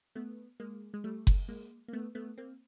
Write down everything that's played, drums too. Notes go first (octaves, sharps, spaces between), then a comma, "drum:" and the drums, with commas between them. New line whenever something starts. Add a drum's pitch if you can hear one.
A3 B3
G#3 A#3
G#3
G3 A3
drum: kick F#1
G#3 A#3
A#3
A3 B3
A3 B3
A#3 C4